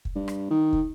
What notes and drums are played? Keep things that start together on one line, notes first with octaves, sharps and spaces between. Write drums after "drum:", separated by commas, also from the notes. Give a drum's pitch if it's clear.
drum: kick
G2
drum: rim click
D#3
drum: kick